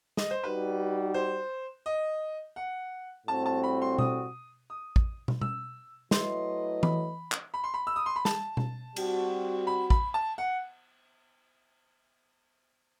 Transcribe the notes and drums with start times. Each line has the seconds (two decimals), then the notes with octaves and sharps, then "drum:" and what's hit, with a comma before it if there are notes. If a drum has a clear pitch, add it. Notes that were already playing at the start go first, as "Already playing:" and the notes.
0.17 D#5, drum: snare
0.31 C5
0.43 G3 D#4 F#4 B4
1.14 C5
1.86 D#5
2.56 F#5
3.27 A2 G3 C4 F#4 A5
3.46 A5
3.64 B5
3.82 C6
3.98 D#6, drum: tom B2
4.70 D#6
4.96 drum: kick
5.28 drum: tom
5.41 E6, drum: tom B2
6.11 F#3 A3 E4 B4 D#5 C6, drum: snare
6.83 B5, drum: tom E3
7.32 drum: clap
7.54 B5
7.64 C6
7.74 B5
7.87 E6
7.96 D#6
8.06 C6
8.16 B5
8.25 A5, drum: snare
8.57 drum: tom B2
8.96 G3 C4 F#4, drum: cymbal
9.67 B5
9.90 B5, drum: kick
10.14 A5
10.38 F#5